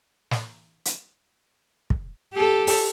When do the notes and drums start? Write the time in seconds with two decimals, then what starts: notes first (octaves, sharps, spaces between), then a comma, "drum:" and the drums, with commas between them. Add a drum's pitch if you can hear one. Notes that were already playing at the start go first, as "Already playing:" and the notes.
0.31 drum: snare
0.85 drum: hi-hat
1.90 drum: kick
2.34 G4 A4
2.67 drum: open hi-hat